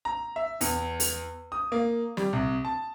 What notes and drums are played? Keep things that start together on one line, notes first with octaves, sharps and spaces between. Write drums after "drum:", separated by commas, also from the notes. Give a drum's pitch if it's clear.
A#5
E5
E2, drum: open hi-hat
drum: open hi-hat
D#6
A#3
G3, drum: snare
C2
A5